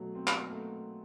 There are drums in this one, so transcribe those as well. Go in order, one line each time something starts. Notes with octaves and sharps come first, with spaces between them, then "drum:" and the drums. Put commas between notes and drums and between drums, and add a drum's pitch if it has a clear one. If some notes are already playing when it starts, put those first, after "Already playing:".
Already playing: B2 F#3 A3
C4
B3, drum: clap
A#3
A3